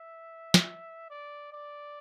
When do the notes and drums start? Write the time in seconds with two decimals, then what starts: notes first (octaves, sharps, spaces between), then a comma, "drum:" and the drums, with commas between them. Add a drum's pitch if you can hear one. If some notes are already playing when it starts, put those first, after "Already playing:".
Already playing: E5
0.54 drum: snare
1.10 D5
1.52 D5